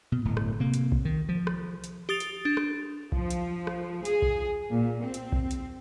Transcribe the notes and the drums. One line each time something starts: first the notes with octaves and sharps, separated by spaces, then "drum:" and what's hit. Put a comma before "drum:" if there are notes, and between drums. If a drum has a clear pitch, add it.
B2
D1 G1 A2
drum: rim click
C3 A#3
drum: hi-hat
drum: kick B1
D#3
F3
drum: rim click
drum: hi-hat
G4 D#6 A6 F7
drum: hi-hat
D4
drum: rim click
F3, drum: kick B1
drum: hi-hat
drum: rim click
G#4, drum: hi-hat
drum: kick B1
A#2
C4
drum: hi-hat
drum: kick B1
drum: hi-hat